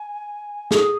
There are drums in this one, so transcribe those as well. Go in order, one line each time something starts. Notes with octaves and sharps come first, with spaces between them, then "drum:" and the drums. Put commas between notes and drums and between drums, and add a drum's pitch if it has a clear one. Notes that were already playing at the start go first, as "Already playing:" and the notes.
Already playing: G#5
G#4 D#6, drum: snare